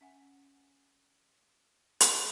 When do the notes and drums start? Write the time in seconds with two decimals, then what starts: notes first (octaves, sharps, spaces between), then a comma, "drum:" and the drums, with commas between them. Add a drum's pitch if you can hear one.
0.01 C#4 E5 F#5 G#5
2.00 drum: hi-hat